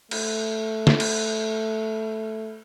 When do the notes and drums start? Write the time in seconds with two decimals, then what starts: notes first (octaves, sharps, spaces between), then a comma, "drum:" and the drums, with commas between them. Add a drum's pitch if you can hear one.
0.11 A3, drum: cymbal
0.87 drum: snare
1.00 drum: cymbal